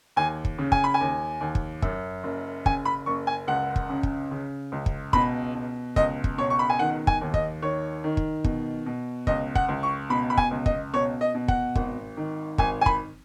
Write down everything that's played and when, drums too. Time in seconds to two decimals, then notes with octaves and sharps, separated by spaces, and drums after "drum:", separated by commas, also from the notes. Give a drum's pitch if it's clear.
0.16 D#2 G#5
0.45 drum: kick
0.58 C#3
0.72 G#5, drum: kick
0.84 B5
0.94 G#5
1.00 D#2
1.41 D#2
1.55 drum: kick
1.82 F#2, drum: kick
2.23 F#1
2.66 C#3 G#5, drum: kick
2.85 B5
3.06 F#1 C#6
3.27 G#5
3.47 C#2 F#5
3.76 drum: kick
3.89 C#3
4.03 drum: kick
4.31 C#3
4.72 C#2
4.86 drum: kick
5.13 B2 B5, drum: kick
5.55 B2
5.96 C#2 D#5, drum: kick
6.24 drum: kick
6.38 B2 C#5
6.50 C#6
6.59 B5
6.70 G#5
6.79 D#3 F#5
7.07 G#5, drum: kick
7.21 D#2
7.34 D#5, drum: kick
7.62 D#3 C#5
8.04 D#3
8.17 drum: kick
8.44 B2, drum: kick
8.86 B2
9.27 C#2 D#5, drum: kick
9.55 F#5, drum: kick
9.68 C#2
9.83 C#6
10.10 B2 B5
10.30 B5
10.37 G#5, drum: kick
10.51 C#2
10.66 D#5, drum: kick
10.94 B2 C#5
11.21 D#5
11.35 B2
11.48 F#5, drum: kick
11.75 G#1, drum: kick
12.17 D#3
12.58 G#1 G#5, drum: kick
12.81 G#5
12.86 B5, drum: kick